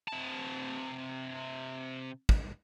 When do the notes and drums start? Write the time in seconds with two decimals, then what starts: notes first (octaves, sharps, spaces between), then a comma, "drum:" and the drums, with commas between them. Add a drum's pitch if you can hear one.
0.08 C3 A5
2.29 drum: kick